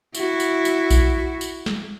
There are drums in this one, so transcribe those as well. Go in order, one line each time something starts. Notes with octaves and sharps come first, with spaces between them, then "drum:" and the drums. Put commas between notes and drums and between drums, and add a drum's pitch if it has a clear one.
E4 F#4, drum: tambourine
drum: tambourine
drum: tambourine
drum: kick A#1, tambourine
drum: tambourine
drum: snare